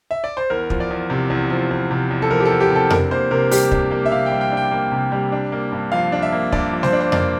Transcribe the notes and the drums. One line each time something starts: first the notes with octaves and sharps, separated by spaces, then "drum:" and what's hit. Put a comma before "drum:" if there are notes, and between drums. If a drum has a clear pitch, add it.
E5
D5
C5
E2 A#4
F3, drum: kick
D5
E2
C3
E2
F3
E2
C3
E2
A4
F3 A#4
G4
A4
E2
G4
C3
A4
D4 A#4, drum: tom F2
A#3 C5
C3 A#4
G3 G4, drum: open hi-hat
D4, drum: kick
A#3
E5
C3 F5
G5
G3
G5
D4
G5
A#3
C3
G3
D4
A#3
G2
F3 F5
D4
E5
A#3
G2 D5, drum: kick
F3
C5, drum: snare G3
D4
C5
A#3 D5, drum: tom F2